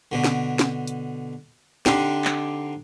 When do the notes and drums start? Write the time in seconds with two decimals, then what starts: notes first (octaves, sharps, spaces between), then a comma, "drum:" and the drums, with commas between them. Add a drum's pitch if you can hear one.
0.12 B2 D3
0.24 drum: snare
0.59 drum: snare
0.87 drum: hi-hat
1.86 D3 C4 D4 D#4 G4, drum: snare
2.25 drum: clap